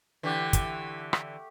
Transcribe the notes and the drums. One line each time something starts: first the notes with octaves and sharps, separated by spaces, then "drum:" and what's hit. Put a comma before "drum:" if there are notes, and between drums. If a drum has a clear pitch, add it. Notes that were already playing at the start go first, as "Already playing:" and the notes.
D3 E3 A3 G4 F#5
drum: kick, hi-hat
drum: rim click